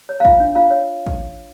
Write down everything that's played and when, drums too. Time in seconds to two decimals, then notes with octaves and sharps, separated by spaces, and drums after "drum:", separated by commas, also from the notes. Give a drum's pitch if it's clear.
0.09 C#5
0.20 F5
0.25 F4 E5, drum: kick
0.40 D4
0.55 F4 F5
0.71 C#5
1.06 drum: kick